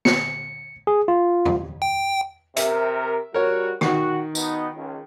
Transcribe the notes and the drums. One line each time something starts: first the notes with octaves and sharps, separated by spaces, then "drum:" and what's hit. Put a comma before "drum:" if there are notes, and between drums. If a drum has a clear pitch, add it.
C#7, drum: snare
G#4
F4
drum: tom E2
G5
C3 A#4 E5, drum: hi-hat
G3 F#4 A#4 C#5
D#3 F#4, drum: rim click
B2 B3 D#4, drum: tambourine
C#2